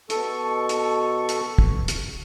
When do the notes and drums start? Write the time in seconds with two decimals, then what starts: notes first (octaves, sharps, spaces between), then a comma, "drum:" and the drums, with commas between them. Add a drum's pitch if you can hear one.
0.10 B2 A4 C#6, drum: hi-hat
0.69 drum: hi-hat
1.29 drum: hi-hat
1.58 drum: kick
1.88 drum: hi-hat